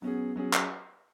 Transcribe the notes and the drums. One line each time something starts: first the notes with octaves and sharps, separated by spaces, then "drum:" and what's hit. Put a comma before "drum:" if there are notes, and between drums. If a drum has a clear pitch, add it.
F#3 B3 C#4 G#4
F#3 C#4 G#4
drum: clap